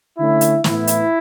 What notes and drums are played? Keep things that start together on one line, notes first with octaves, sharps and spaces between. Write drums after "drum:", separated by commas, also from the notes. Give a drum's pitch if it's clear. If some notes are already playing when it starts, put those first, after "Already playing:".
D3 A3 C#4 E4
drum: hi-hat
A2 E3 B3 E4, drum: snare
drum: hi-hat